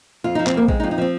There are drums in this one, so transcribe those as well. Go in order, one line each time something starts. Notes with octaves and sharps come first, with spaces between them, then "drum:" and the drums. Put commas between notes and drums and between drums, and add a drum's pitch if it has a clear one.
F2 F4
F3 D#4
C4, drum: clap
F2 A#3
G#3 C4, drum: kick
D#4
F2
D#4
F3 C4